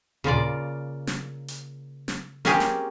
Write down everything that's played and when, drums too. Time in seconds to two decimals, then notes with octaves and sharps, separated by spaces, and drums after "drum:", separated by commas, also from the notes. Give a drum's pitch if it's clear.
0.24 C#3 A#3 F4 D5, drum: tom A#2
1.07 drum: snare
1.48 drum: hi-hat
2.08 drum: snare
2.45 A#3 C4 C#4 G4 G#4, drum: snare
2.60 drum: snare